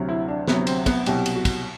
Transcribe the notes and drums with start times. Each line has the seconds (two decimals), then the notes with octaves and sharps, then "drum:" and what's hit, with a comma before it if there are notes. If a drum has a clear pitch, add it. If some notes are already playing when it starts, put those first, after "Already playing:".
Already playing: D2 C3 F#3
0.09 E4
0.28 D4
0.48 D2 C3 F#3 B3, drum: snare
0.67 C4, drum: cymbal
0.86 B3, drum: kick, cymbal
1.06 C2 B2 F#3 G4, drum: cymbal
1.26 drum: cymbal
1.35 F#4
1.45 drum: kick, cymbal